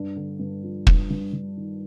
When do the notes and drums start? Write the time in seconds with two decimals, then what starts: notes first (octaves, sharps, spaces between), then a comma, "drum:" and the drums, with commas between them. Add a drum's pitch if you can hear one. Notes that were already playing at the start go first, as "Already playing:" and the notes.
Already playing: G2 D4
0.16 D3
0.40 G2
0.63 F3
0.87 G2, drum: kick
1.10 G2
1.33 G2
1.57 D#3